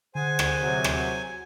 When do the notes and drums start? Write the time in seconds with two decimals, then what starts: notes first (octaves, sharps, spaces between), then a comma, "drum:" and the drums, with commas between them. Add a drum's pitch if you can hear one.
0.15 D3 G#4 C5 F#5 G#5
0.39 drum: rim click
0.62 C3 F#3
0.84 drum: rim click